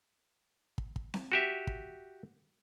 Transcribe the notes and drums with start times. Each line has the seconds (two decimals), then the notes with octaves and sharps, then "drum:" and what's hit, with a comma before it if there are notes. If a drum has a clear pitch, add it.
0.78 drum: kick
0.96 drum: kick
1.14 drum: snare C4
1.32 F#4 G4 E5
1.67 drum: kick